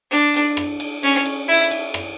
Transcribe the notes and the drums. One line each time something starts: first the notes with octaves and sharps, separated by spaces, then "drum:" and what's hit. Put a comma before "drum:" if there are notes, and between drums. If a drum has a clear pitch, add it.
D4
drum: cymbal
drum: rim click
drum: cymbal
C#4, drum: cymbal
drum: cymbal
E4
drum: cymbal
drum: rim click